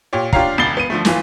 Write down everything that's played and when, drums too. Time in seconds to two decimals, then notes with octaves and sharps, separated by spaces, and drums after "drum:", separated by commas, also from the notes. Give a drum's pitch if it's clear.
0.13 A#2 G4 C#5
0.33 D4 F4 G4 C#5 F5 A#5, drum: kick
0.58 E1 C#2 B5 A6 C7 G7
0.77 B3 D#7
0.90 D3 F3 A3
1.05 G1 E3 F4, drum: snare